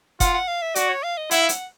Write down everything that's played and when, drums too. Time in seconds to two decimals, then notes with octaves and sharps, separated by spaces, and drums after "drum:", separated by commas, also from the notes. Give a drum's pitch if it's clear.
0.20 F4 F#5, drum: kick F#1, hi-hat
0.34 F#5
0.48 F5
0.62 E5
0.75 F#4 D5, drum: hi-hat
0.89 C#5
1.03 F5
1.17 D#5
1.31 E4 F#5, drum: hi-hat
1.43 F5
1.49 F#5, drum: hi-hat